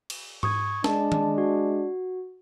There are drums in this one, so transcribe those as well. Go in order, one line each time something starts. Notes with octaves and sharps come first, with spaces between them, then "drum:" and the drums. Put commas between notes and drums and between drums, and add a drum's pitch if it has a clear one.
drum: cymbal
C#6 D#6 G#6, drum: tom G#2
G#3 D4 A5, drum: snare
drum: tom D#3
F#4